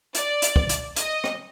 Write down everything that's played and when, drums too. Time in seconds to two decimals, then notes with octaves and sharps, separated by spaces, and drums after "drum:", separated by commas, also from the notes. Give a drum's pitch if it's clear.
0.15 D5, drum: hi-hat
0.42 drum: hi-hat
0.56 drum: kick
0.69 drum: hi-hat
0.96 D#5, drum: hi-hat
1.24 drum: rim click